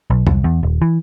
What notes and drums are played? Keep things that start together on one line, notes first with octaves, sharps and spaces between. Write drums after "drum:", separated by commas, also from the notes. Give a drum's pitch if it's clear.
B1
C2, drum: tom E2
E2
D#1
E3